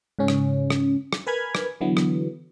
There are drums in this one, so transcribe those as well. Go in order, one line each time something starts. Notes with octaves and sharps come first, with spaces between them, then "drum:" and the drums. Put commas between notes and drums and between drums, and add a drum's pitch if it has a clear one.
G#2 C#3 C#4
drum: rim click
drum: rim click
drum: rim click
A#4 B4 G#5 B5 F6 G#6
drum: rim click
D3 E3 F#3 B3
drum: rim click